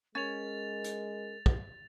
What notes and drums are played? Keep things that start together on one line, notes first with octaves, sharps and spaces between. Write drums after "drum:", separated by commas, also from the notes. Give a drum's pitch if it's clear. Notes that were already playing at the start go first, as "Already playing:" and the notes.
G#3 C#4 A#4 A6 F7
drum: hi-hat
drum: kick